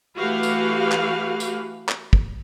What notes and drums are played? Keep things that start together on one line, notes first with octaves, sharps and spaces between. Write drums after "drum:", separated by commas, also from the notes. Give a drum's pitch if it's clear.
E3 A3 F#4 G4 B4 F5
drum: tambourine
drum: clap
drum: tambourine
drum: clap
drum: kick